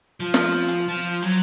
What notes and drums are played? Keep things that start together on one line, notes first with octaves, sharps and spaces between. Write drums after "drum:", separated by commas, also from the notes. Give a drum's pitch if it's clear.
F3
drum: snare
drum: hi-hat
F3
F#3